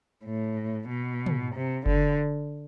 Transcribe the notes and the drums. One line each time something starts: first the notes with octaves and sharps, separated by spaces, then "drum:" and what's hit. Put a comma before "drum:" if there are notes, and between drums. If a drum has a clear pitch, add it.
A2
B2
drum: tom
C3
D3, drum: kick F#1